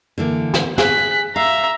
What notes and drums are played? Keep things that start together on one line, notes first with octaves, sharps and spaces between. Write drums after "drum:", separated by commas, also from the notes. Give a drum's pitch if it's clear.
D3 E3 A#3
drum: snare
G#4 F#6 B6, drum: snare
E5 F5 A#5